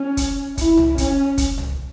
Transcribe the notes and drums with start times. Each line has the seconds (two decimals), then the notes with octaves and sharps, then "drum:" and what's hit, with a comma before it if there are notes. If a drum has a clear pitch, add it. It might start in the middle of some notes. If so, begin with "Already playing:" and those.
Already playing: C#4
0.17 drum: kick, hi-hat
0.58 E4, drum: kick, hi-hat
0.77 drum: tom C2
0.98 C#4, drum: kick, hi-hat
1.38 drum: kick, hi-hat
1.58 drum: tom C2